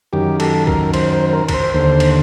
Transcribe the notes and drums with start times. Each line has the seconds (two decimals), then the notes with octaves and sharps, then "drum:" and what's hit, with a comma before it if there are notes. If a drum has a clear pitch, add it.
0.13 F#2 D#3 G4
0.40 A4, drum: cymbal
0.67 A#4, drum: kick
0.94 C5, drum: cymbal
1.13 C5
1.30 C5
1.33 A#4
1.49 A#4, drum: kick, cymbal
1.54 C5
1.74 D#2 D3 C5
2.00 drum: cymbal